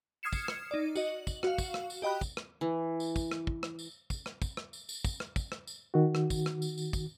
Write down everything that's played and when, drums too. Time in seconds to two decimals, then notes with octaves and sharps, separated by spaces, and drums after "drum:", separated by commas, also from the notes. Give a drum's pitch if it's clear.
0.23 D#6 F6 G#6 C7 C#7 E7
0.33 drum: kick, tambourine
0.48 drum: rim click
0.71 D#4 D5
0.95 F#4 D#5, drum: tambourine
1.07 F#7
1.27 drum: kick, tambourine
1.43 F#4 F5, drum: rim click
1.58 drum: kick, tambourine
1.74 drum: rim click
1.90 drum: tambourine
2.02 G4 D#5 G5 B5 F#6
2.21 drum: kick, tambourine
2.37 drum: rim click
2.61 E3
3.00 drum: tambourine
3.16 drum: kick, tambourine
3.31 drum: rim click
3.47 drum: kick
3.63 drum: rim click
3.79 drum: tambourine
4.10 drum: kick, tambourine
4.26 drum: rim click
4.42 drum: kick, tambourine
4.57 drum: rim click
4.73 drum: tambourine
4.89 drum: tambourine
5.05 drum: kick, tambourine
5.20 drum: rim click
5.36 drum: kick, tambourine
5.52 drum: rim click
5.67 drum: tambourine
5.94 D#3 F#4
6.15 drum: rim click
6.30 drum: kick, tambourine
6.46 drum: rim click
6.62 drum: tambourine
6.78 drum: tambourine
6.93 drum: kick, tambourine